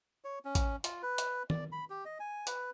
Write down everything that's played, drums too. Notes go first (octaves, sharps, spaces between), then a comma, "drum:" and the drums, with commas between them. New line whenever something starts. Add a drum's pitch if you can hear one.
C#5
C#4
drum: kick, hi-hat
F4, drum: hi-hat
B4
drum: hi-hat
D5, drum: tom
B5
G4
D#5
G#5
B4, drum: hi-hat